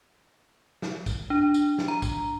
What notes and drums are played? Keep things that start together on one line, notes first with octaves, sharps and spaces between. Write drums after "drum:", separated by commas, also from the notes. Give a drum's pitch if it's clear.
drum: snare
drum: kick A#1, tambourine
D4
drum: tambourine
drum: snare
A#5
drum: kick A#1, tambourine